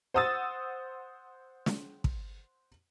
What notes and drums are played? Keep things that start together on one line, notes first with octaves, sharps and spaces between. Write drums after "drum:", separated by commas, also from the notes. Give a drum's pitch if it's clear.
C5 F#5 D#6 E6 A6
drum: snare
drum: kick